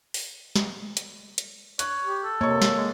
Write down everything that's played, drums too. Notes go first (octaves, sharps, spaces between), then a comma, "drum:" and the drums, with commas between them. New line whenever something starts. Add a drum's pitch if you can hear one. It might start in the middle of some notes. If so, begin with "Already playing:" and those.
drum: open hi-hat
drum: snare
drum: hi-hat
drum: hi-hat
C#5 F#6, drum: hi-hat
G4
A4
C3 A#3 C#5 D#5 C#6
drum: snare
G#3